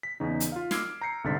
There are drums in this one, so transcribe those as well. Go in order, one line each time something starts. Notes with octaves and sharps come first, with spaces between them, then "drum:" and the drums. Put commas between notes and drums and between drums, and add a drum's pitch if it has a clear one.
B6
E2 C#3 D#4
drum: hi-hat
F4 F5
D6 E6 F6 G#6 C7 D7, drum: snare
A#5 G6 C7 C#7
C2 G#2 D3 A6 B6